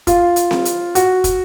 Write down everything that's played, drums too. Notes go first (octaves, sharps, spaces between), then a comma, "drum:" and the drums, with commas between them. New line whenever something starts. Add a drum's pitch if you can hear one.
F4, drum: kick, hi-hat
drum: hi-hat
drum: snare C4
drum: hi-hat
F#4, drum: hi-hat
drum: kick, hi-hat